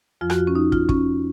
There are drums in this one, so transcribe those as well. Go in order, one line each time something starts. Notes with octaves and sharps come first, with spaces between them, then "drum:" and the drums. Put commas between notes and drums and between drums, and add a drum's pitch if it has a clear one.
F2 F3 F4
F#4, drum: rim click
F4
C#4
D#4
F4, drum: kick
C#4, drum: kick